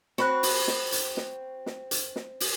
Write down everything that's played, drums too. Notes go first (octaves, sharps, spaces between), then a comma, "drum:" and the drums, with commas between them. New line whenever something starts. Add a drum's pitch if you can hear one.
C4 F#4 B5 F#6, drum: snare
drum: open hi-hat
drum: snare
drum: hi-hat
drum: snare
drum: snare
drum: hi-hat
drum: snare
drum: open hi-hat